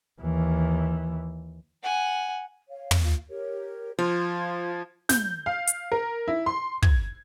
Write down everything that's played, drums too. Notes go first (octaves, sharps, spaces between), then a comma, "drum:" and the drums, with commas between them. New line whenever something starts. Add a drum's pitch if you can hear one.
D#2 E3
F#5 G#5
C#5 F5
drum: tom
F4 F5
G4 A#4 C#5
F3 F4 F5 C6 G#6
G6, drum: snare
F5
drum: hi-hat
A#4
E4
C6
G#6, drum: kick